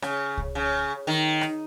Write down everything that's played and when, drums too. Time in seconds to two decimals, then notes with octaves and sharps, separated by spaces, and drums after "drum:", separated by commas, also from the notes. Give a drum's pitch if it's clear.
0.02 C#3, drum: rim click
0.37 drum: kick C2
0.55 C#3
1.07 D#3
1.41 drum: rim click